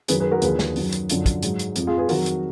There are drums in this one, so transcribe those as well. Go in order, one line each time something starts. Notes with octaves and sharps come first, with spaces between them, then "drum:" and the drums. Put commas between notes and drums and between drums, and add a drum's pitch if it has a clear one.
F#2 D#3 F#3 G#4 B4, drum: hi-hat
G#4 B4
F#4 A#4
D#2 D3 F3 G#4 B4, drum: hi-hat
drum: snare
F#2 D#3 F#3, drum: open hi-hat
drum: hi-hat
F#2 D3 F3, drum: hi-hat
drum: kick, hi-hat
G#2 F#3, drum: hi-hat
drum: hi-hat
F2 F3, drum: hi-hat
F4 G#4
G#4 B4
F2 D#3 F#3 F#4 A#4, drum: open hi-hat
drum: hi-hat